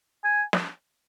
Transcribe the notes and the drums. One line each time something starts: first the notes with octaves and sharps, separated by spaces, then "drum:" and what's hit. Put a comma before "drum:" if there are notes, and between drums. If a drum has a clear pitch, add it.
G#5
drum: snare